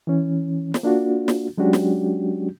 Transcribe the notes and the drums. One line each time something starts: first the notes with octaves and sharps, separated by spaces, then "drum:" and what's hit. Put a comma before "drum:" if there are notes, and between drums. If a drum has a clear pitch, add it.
E3 C#4
drum: snare
A#3 D4 F4 F#4
drum: snare
F#3 G#3 C#4 D4 F#4 G4
drum: snare